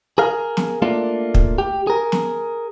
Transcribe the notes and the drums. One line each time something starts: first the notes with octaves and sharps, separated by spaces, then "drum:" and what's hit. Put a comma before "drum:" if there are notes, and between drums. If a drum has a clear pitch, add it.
G#4 A#4 F5
drum: snare
A3 A#3 D4 F4
drum: kick
G4
G#4 A#4
drum: snare